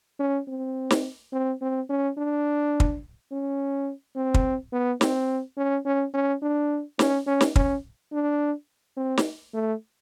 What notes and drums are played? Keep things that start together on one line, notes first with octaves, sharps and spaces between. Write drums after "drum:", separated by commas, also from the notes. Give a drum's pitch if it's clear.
C#4
C4
drum: snare
C4
C4
C#4
D4
drum: kick
C#4
C4
drum: kick
B3
C4, drum: snare
C#4
C#4
C#4
D4
C#4, drum: snare
C#4
drum: snare
C#4, drum: kick
D4
C4
drum: snare
A3